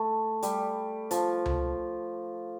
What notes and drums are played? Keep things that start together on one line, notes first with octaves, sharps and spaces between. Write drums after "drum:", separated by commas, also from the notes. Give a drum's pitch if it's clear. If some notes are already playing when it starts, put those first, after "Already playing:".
Already playing: A3
G3, drum: hi-hat
F3, drum: hi-hat
drum: tom C#2